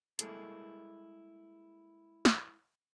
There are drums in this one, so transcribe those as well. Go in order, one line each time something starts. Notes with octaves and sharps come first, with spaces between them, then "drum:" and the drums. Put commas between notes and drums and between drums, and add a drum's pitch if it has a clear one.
G3 G#3 A#3 E4 G#4 A4, drum: hi-hat
drum: snare